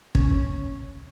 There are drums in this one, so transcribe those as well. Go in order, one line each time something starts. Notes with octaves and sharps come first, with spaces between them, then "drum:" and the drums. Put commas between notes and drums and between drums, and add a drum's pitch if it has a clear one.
C#4, drum: kick